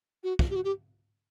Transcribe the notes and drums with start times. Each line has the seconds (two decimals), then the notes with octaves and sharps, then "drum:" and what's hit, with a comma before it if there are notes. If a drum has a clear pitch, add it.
0.24 F#4
0.39 drum: kick
0.50 G4
0.56 F#4
0.65 G4